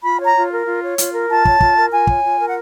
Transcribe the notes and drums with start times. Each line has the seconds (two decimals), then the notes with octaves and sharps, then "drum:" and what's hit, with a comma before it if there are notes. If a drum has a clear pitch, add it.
0.03 F4 B5
0.20 C#5 A#5
0.35 F4
0.51 A#4
0.66 F4
0.82 C#5
0.98 F4, drum: hi-hat
1.13 A#4
1.29 F4 A5
1.45 C#5, drum: kick
1.60 F4, drum: kick
1.77 A#4
1.92 F4 G#5
2.07 C#5, drum: kick
2.23 F4
2.39 A#4
2.47 F#5